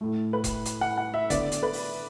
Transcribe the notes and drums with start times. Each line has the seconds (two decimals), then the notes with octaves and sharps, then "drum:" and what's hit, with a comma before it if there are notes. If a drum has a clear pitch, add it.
0.01 A2 A3
0.33 B4
0.44 drum: kick E1, hi-hat
0.65 drum: hi-hat
0.81 F#5
0.97 F#5
1.14 E5
1.30 D3 B3 D5, drum: kick E1, hi-hat
1.52 drum: hi-hat
1.63 B4
1.73 drum: open hi-hat